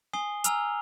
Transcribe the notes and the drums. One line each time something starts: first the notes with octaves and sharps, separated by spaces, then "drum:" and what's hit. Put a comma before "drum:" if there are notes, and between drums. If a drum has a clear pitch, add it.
G#5 D#6 C7 G7
G#5 A#5 E6 F6 F7, drum: hi-hat